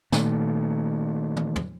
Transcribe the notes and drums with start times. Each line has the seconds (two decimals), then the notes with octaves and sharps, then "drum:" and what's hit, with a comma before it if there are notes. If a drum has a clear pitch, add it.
0.12 A#2 D#3 A3, drum: snare
1.36 drum: tom
1.56 drum: tom